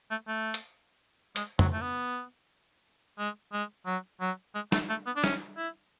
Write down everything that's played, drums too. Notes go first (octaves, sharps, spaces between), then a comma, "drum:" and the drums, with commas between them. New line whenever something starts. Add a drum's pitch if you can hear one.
A3
A3
drum: hi-hat
G#3, drum: hi-hat
F#3, drum: tom F2
A3
B3
G#3
G#3
F#3
F#3
G#3
A3, drum: snare
A3
B3
D4
C#4, drum: snare
E4